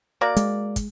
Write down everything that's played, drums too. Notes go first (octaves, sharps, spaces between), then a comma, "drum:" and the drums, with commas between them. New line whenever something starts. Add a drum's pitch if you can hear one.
A#3 F#4 D5
G#3, drum: hi-hat
drum: kick, hi-hat